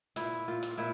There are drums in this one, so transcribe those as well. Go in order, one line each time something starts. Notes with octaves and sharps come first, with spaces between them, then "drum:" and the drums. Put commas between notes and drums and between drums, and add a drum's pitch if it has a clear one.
A#2 E4, drum: hi-hat
A#2 F4
drum: hi-hat
A#2 E4